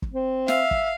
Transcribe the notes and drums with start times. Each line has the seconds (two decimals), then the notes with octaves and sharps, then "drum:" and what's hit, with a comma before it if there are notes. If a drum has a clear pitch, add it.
0.02 drum: kick
0.13 C4
0.48 E5 F5, drum: snare
0.71 drum: kick